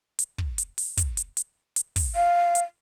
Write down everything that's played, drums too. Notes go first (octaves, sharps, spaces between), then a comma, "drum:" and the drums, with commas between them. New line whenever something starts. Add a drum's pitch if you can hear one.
drum: hi-hat
drum: kick
drum: hi-hat
drum: open hi-hat
drum: kick, hi-hat
drum: hi-hat
drum: hi-hat
drum: hi-hat
drum: kick, open hi-hat
F5
drum: hi-hat